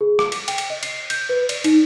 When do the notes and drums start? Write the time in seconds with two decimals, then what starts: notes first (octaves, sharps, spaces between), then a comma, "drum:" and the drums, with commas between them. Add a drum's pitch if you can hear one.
0.01 G#4
0.19 D6, drum: rim click
0.32 drum: cymbal
0.48 G5, drum: cymbal
0.58 drum: cymbal
0.70 D#5
0.83 C7, drum: cymbal
1.10 G6, drum: cymbal
1.29 B4
1.49 D5, drum: cymbal
1.64 D#4, drum: cymbal